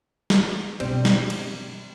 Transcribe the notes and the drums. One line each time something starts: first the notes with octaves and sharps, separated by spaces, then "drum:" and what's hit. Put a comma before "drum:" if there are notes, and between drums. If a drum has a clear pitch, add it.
drum: snare
B2 G3 C4 D4, drum: cymbal
drum: snare
drum: cymbal